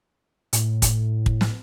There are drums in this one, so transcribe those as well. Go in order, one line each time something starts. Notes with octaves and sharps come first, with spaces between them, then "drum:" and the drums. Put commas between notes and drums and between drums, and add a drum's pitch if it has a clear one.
A2, drum: hi-hat
drum: kick, hi-hat
drum: kick
drum: snare